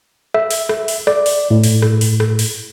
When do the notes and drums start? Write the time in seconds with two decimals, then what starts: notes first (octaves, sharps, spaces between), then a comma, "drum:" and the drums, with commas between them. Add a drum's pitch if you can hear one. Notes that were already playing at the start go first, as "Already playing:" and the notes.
0.34 E5, drum: rim click
0.51 drum: open hi-hat
0.69 drum: rim click
0.88 drum: open hi-hat
1.07 D5, drum: rim click
1.26 drum: open hi-hat
1.51 A2
1.64 drum: open hi-hat
1.82 drum: rim click
2.01 drum: open hi-hat
2.20 drum: rim click
2.39 drum: open hi-hat